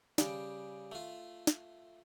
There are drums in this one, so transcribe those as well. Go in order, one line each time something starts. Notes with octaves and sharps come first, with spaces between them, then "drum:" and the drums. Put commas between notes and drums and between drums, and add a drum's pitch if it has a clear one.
C#3 G3 G4, drum: snare
A3 F4
drum: snare